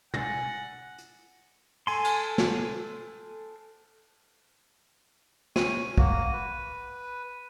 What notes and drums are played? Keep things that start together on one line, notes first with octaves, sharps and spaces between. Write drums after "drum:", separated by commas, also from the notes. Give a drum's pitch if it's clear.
F#5 G#5 A6 A#6, drum: tom
drum: hi-hat
A4 G#5 C6, drum: open hi-hat
drum: cymbal
drum: snare
C#4 D#7, drum: snare
A#3 F#4, drum: kick
B4